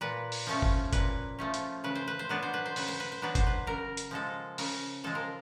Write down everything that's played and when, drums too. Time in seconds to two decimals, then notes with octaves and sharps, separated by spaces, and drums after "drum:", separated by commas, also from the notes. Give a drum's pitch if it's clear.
0.01 A#2 B4
0.32 drum: open hi-hat
0.47 F3 A3 C#4
0.62 drum: kick F#1
0.93 A#2 B4, drum: kick F#1, hi-hat
1.38 F3 A3 C#4
1.54 drum: hi-hat
1.84 C#3 B4
1.95 C5
2.07 B4
2.19 C5
2.29 F#3 B3 D4 B4
2.43 C5
2.54 B4
2.66 C5
2.76 C#3 B4, drum: open hi-hat
2.88 C5
3.00 B4
3.12 C5
3.22 F#3 B3 D4 B4
3.35 C5, drum: kick F#1, hi-hat
3.47 B4
3.67 C#3 A#4
3.97 drum: hi-hat
4.11 F3 G#3 A4
4.58 C#3 A#4, drum: open hi-hat
5.04 F3 G#3 A4
5.15 A#4